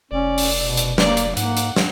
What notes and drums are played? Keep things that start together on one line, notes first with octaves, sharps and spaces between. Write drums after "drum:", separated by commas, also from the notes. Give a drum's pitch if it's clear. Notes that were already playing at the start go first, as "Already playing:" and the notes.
F1 C#4 D5
drum: open hi-hat
B2
drum: hi-hat
A#3 D5, drum: snare
drum: hi-hat
G#2 A#3 F#5, drum: hi-hat
drum: hi-hat
drum: snare